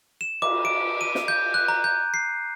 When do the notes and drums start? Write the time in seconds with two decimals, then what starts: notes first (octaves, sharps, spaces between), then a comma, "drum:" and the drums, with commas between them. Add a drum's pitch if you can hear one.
0.21 E7
0.42 D6, drum: cymbal
0.65 D7
1.01 D#7
1.15 drum: snare
1.28 G6
1.54 F#6
1.68 A#5
1.84 G6
2.14 C7